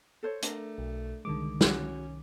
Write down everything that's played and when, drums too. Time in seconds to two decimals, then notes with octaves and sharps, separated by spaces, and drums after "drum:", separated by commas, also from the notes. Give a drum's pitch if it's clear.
0.23 A4 C5 C#5
0.42 A3 D4 A#4, drum: hi-hat
0.78 B1
1.25 C2 D3 D#3 G#3 D6
1.61 C#4 F#4, drum: snare